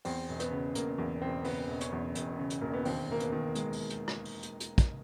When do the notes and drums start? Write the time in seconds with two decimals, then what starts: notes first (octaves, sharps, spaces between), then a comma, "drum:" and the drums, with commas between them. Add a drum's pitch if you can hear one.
0.05 E2 C4, drum: open hi-hat
0.29 E1
0.40 B3, drum: hi-hat
0.52 C#3
0.75 E1 A#3, drum: hi-hat
0.98 E2
1.22 E1 C4
1.45 C#3 B3, drum: open hi-hat
1.68 E1
1.81 C#4, drum: hi-hat
1.92 E2
2.15 E1, drum: hi-hat
2.39 C#3
2.50 drum: hi-hat
2.61 E1 A#3
2.74 B3
2.85 D#2 C4, drum: open hi-hat
3.08 E1 A#3
3.20 B3, drum: hi-hat
3.32 D#3
3.55 G#3, drum: hi-hat
3.73 drum: open hi-hat
3.90 drum: hi-hat
4.08 drum: rim click
4.25 drum: open hi-hat
4.43 drum: hi-hat
4.60 drum: hi-hat
4.78 drum: kick, hi-hat